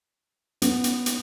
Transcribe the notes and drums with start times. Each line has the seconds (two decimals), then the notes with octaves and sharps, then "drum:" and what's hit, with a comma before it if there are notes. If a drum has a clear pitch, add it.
0.62 B3, drum: hi-hat
0.84 drum: hi-hat
1.06 drum: hi-hat